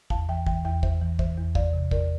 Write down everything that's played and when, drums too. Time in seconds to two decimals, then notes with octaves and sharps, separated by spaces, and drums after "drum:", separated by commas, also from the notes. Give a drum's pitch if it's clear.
0.10 E2 F5 A5, drum: kick
0.29 E3 E5 G5
0.46 E3 E5 G5, drum: kick
0.65 E2 E5 G5
0.83 E2 C5 E5, drum: kick
1.01 E3
1.19 E3 C5 E5, drum: kick
1.37 E2
1.55 E2 D5 F5, drum: kick
1.73 C3
1.91 E2 A#4 D5, drum: kick